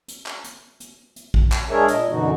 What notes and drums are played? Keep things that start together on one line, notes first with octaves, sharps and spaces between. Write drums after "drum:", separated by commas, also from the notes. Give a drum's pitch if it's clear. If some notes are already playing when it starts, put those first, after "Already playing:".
drum: hi-hat
drum: clap
drum: hi-hat
drum: hi-hat
drum: hi-hat
drum: kick
drum: clap
G#3 D4 G#4 A#4 C#5 E5
A#2 D#5, drum: hi-hat
F#2 B2 D3 E3 D#4 F#4